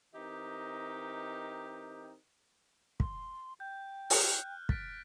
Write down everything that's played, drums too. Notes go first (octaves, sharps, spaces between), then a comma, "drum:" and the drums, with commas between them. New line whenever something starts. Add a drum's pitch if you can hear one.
E3 C4 D#4 G4 A#4 D#5
C6, drum: kick
G5 G6
F6 F#6, drum: open hi-hat
A6 B6 D7, drum: kick